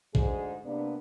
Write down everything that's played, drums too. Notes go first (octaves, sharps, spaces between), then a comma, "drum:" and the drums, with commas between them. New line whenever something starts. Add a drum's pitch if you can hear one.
D2 G#2 G#4, drum: kick
C3 A#3 B3 D4